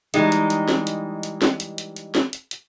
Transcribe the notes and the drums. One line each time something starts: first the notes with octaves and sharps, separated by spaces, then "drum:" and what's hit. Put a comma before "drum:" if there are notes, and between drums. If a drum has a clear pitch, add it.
E3 G3 G#3 D#4, drum: hi-hat
drum: hi-hat
drum: hi-hat
drum: snare
drum: hi-hat
drum: hi-hat
drum: snare
drum: hi-hat
drum: hi-hat
drum: hi-hat
drum: snare
drum: hi-hat
drum: hi-hat